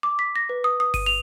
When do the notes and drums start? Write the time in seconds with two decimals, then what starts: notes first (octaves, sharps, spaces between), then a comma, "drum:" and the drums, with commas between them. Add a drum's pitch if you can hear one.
0.03 D6
0.19 B6
0.36 A#6
0.49 B4
0.64 D#6
0.80 D#6
0.94 D#7, drum: kick G1, open hi-hat
1.06 F7